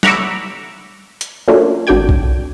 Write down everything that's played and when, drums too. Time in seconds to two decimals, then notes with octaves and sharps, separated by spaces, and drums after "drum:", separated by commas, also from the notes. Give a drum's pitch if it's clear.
0.03 F#5 A#5 B5 C#6 D6 E6, drum: snare
1.21 drum: hi-hat
1.48 F#3 A3 A#3 C#4 D4 F4
1.87 G#1 D4 F#4 D5 G5 G#6
2.09 drum: kick B1